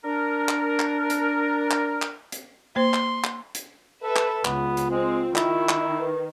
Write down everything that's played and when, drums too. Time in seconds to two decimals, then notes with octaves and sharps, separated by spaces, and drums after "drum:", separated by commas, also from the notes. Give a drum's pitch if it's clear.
0.05 D4 A#4
0.49 drum: clap
0.79 drum: clap
1.10 drum: hi-hat
1.71 drum: clap
2.02 drum: clap
2.32 drum: hi-hat
2.76 A#3 C5 C6
2.94 drum: clap
3.24 drum: clap
3.55 drum: hi-hat
4.03 A4 B4 E5
4.16 drum: clap
4.45 C#2 B3 F4, drum: clap
4.77 drum: hi-hat
4.91 G#3 C4
5.36 D#3 E4, drum: clap
5.69 drum: clap
6.00 B4